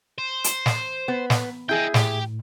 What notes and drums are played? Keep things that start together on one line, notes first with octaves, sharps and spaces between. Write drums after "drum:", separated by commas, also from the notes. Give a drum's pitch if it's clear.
C5
drum: hi-hat
drum: snare
B3
drum: snare
E4 G#4 D#5 G5 G6
A2 G4, drum: snare